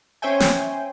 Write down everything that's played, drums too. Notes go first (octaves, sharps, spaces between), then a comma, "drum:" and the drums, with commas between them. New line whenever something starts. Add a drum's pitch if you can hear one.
C#4 C5 C#5 E5 G5 G#5
drum: snare